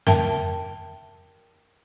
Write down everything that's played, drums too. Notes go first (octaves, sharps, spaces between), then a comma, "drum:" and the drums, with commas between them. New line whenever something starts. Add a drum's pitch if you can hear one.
A#4 E5 G5 A5, drum: tom F2